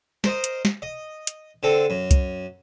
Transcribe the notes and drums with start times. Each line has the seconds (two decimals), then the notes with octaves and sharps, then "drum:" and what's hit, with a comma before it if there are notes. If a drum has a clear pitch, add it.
0.24 A#4 C5 D#5, drum: snare
0.44 drum: hi-hat
0.65 drum: snare
0.82 D#5
1.27 drum: hi-hat
1.63 D3 C4 A4
1.90 F#2
2.11 drum: kick, hi-hat